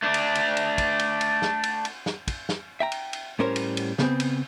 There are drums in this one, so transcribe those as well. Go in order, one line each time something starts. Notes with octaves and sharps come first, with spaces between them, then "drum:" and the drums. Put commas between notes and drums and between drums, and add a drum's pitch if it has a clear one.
A3 D4
drum: cymbal
drum: cymbal
drum: cymbal
drum: kick, cymbal
drum: cymbal
drum: cymbal
drum: snare
drum: cymbal
drum: cymbal
drum: snare
drum: kick, cymbal
drum: snare
E5 G5 A#5
drum: cymbal
drum: cymbal
A2 G3 C#4 A#4 C5 C#5
drum: cymbal
drum: cymbal
C#3 B3 C4, drum: snare
drum: cymbal